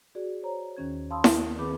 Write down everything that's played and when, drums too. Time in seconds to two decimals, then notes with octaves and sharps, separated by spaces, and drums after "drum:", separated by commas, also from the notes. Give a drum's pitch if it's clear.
0.15 F#4 G#4 D5
0.42 C5 C#5 A#5
0.77 D#2 D#3 C#4 G#6
1.10 F5 A5 B5 C6 D#6 E6
1.24 A#4, drum: snare E4
1.59 D#3 C4 G#4 B4 B5 D6